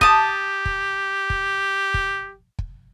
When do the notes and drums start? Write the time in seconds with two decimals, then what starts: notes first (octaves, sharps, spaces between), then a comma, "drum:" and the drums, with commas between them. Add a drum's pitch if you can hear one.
0.01 G4 A5 D#6, drum: kick
0.65 drum: kick
1.30 drum: kick
1.94 drum: kick
2.59 drum: kick